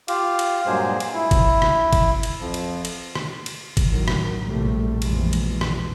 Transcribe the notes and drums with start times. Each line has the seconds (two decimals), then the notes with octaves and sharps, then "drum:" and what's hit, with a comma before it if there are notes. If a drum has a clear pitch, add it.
0.08 F4 G4 F5, drum: cymbal
0.39 drum: cymbal
0.66 G2 A#2 F#3 G#3 G#4 C5
1.00 drum: cymbal
1.14 E4
1.31 drum: kick, cymbal
1.62 drum: rim click
1.93 drum: kick, cymbal
2.23 drum: cymbal
2.41 F2 F3
2.54 drum: cymbal
2.85 drum: cymbal
3.15 drum: rim click
3.46 drum: cymbal
3.77 drum: kick, cymbal
3.88 A2 D#3 F#3
4.08 drum: rim click
4.45 A#1 A2 C3 G3 A3
5.02 A#1 F2 E3 G#3, drum: cymbal
5.33 E2 B2, drum: cymbal
5.61 drum: rim click